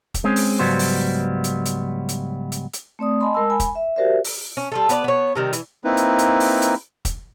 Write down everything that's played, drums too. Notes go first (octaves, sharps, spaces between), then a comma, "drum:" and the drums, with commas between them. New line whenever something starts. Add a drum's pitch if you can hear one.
drum: kick, hi-hat
G#3 C4 C#4
drum: open hi-hat
C#2 G#2 F#3 G3 B3 C5
drum: open hi-hat
drum: hi-hat
drum: hi-hat
drum: hi-hat
drum: hi-hat
drum: hi-hat
A3 C4 D5 D#6
D#5 G#5 A5 B5 C6
G#3 A#4 A5 E6
G#5 B5
drum: kick, hi-hat
E5
F#4 G4 A#4 C5 D5 E5
drum: open hi-hat
C#4
G3 F4 A4
B3 B4 C#5 D5, drum: hi-hat
B3 C#5
C3 D#3 G3
E3, drum: hi-hat
A#3 C4 D#4 E4 B4
drum: hi-hat
drum: hi-hat
drum: open hi-hat
drum: hi-hat
drum: kick, hi-hat